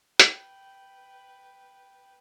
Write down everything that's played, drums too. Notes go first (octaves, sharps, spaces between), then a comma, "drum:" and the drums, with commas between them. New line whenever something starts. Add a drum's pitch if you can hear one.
B4 G5, drum: hi-hat